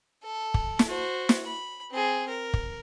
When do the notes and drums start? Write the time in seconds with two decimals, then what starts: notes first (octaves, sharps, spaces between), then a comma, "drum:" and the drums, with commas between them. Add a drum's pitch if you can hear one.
0.23 A4
0.54 drum: kick
0.79 drum: snare
0.89 F#4 C5
1.29 drum: snare
1.45 B5
1.92 C4 G#4
2.29 A#4
2.54 drum: kick